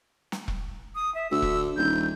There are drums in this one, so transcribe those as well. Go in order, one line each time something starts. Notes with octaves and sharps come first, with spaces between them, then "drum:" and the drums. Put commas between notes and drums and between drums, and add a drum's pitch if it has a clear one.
drum: snare
drum: kick E1
D#6
E5
D2 E6
drum: kick E1
D#1 G6